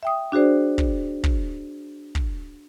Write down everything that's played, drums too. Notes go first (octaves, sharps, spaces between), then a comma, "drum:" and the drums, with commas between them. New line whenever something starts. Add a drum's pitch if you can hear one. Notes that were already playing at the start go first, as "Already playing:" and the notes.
E5 G5 D#6
D4 F#4 G#4 C5 D5
drum: kick
drum: kick
drum: kick